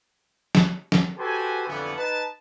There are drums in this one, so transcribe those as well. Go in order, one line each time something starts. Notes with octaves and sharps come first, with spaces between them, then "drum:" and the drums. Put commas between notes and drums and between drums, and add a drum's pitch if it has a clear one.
drum: snare
drum: snare
F#4 G4 A4 B4 C5 G#5
F2 A2 D3 E3 G3 B3
D#4 B4 A5